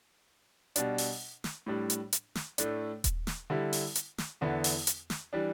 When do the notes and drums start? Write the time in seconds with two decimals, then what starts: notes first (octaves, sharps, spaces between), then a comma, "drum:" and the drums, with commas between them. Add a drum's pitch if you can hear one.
0.76 B2 G3 D4, drum: hi-hat
0.98 drum: open hi-hat
1.44 drum: snare
1.66 A2 G3 D4
1.90 drum: hi-hat
2.13 drum: hi-hat
2.35 drum: snare
2.58 A2 A3 D4, drum: hi-hat
3.04 drum: kick D#1, hi-hat
3.27 drum: snare
3.50 D3 G3 E4
3.73 drum: open hi-hat
3.95 drum: hi-hat
4.18 drum: snare
4.41 E2 D3 B3 E4
4.64 drum: open hi-hat
4.87 drum: hi-hat
5.10 drum: snare
5.33 E3 G3 D4